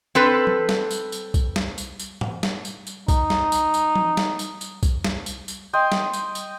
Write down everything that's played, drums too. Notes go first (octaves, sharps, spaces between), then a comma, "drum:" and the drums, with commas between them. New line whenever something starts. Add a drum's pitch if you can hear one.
C4 A4 B4
drum: tom F3
drum: snare
drum: tambourine
drum: tambourine
drum: kick B1, tambourine
drum: snare
drum: tambourine
drum: tambourine
drum: tom G#2
drum: snare
drum: tambourine
drum: tambourine
D#4, drum: kick B1, tambourine
drum: snare
drum: tambourine
drum: tambourine
drum: tom F3
drum: snare
drum: tambourine
drum: tambourine
drum: kick B1, tambourine
drum: snare
drum: tambourine
drum: tambourine
D#5 G5 C6
drum: snare
drum: tambourine
drum: tambourine